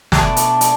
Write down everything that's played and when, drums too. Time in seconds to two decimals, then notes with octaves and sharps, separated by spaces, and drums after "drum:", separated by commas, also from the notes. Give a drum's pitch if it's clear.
0.12 B2 A3 D4, drum: snare
0.37 drum: hi-hat
0.61 drum: hi-hat